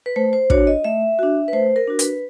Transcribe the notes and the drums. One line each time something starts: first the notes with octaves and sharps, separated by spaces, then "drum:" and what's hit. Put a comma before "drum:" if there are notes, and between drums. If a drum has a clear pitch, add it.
B4
A3 C5
C5
D4 F#4 C#5, drum: kick
D#5
A3 E5
D4 F#4
B4
A3 C5
A#4
D4 F#4
B4, drum: hi-hat